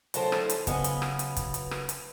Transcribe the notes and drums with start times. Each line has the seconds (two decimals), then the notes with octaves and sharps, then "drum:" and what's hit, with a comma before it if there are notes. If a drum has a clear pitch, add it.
0.14 D2 F#3 E4 A4 C5 A5, drum: hi-hat
0.32 drum: rim click
0.50 drum: hi-hat
0.67 C#3 F#3 B3 B4 D#5 G#5, drum: kick, hi-hat
0.84 drum: hi-hat
1.02 drum: rim click
1.19 drum: hi-hat
1.37 drum: kick, hi-hat
1.54 drum: hi-hat
1.71 drum: rim click
1.89 drum: hi-hat